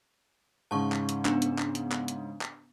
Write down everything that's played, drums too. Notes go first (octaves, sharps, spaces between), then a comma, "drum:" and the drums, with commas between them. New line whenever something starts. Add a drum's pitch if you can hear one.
G#2 C#3 A5 C#6
drum: clap
drum: hi-hat
B3 D4, drum: clap
drum: hi-hat
drum: clap
drum: hi-hat
drum: clap
drum: hi-hat
drum: clap